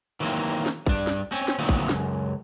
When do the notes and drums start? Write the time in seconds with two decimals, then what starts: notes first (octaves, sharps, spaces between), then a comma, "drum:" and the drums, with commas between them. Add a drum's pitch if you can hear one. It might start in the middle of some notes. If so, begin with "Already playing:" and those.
0.20 D#3 E3 F#3 A3 A#3 C4
0.66 drum: snare
0.86 G2 D4, drum: kick
1.07 drum: snare
1.32 C4 C#4
1.48 drum: snare
1.59 D2 A#2 D#3 F#3 B3 C4
1.69 drum: kick
1.89 C#2 F#2, drum: snare